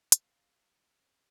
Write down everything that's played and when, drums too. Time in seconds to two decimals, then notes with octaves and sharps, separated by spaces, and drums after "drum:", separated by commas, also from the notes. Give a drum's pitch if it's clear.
0.12 drum: hi-hat
0.22 C3 F5
0.47 G4
0.70 G3
0.95 C#4